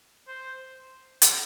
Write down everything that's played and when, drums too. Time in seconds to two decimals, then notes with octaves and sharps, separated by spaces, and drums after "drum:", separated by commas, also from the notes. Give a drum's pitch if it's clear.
0.28 C5
1.22 drum: hi-hat